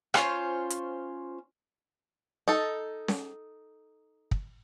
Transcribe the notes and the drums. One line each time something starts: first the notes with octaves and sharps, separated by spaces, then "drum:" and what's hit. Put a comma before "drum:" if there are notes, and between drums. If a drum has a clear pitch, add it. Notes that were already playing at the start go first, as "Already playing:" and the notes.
C#4 F4 C5 C#5, drum: rim click
drum: hi-hat
D#4 A4
drum: snare C#4
drum: kick